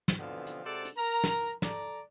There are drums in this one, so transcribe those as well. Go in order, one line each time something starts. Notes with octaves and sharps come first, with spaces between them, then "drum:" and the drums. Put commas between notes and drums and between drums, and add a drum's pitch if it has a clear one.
drum: snare
B2 D3 E3 F3 B3 C4
drum: hi-hat
C3 G#3 F#4 A4 C5 D5
drum: hi-hat
A#4 A#5
drum: snare
A4 D5 A#5, drum: snare